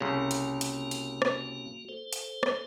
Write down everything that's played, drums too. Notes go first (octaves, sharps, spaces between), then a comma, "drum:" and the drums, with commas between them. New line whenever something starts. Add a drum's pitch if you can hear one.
C2 C#3 A#3 F#4
drum: hi-hat
drum: hi-hat
drum: hi-hat
drum: rim click
A4 C5
drum: hi-hat
drum: rim click